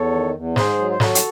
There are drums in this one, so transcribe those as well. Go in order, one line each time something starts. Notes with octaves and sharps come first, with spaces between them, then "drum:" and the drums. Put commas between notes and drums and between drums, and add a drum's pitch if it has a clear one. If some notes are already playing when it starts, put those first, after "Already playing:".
Already playing: E2 A4 C#5
D#3
E2
G#2 G#4 C5, drum: snare
F#3
C5
F#3 F#4 A4, drum: snare
drum: hi-hat